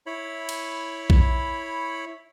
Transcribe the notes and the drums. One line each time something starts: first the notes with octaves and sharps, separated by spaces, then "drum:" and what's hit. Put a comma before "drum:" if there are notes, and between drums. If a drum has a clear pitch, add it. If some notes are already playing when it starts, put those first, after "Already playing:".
E4 C#5 B5
drum: cymbal
drum: kick A#1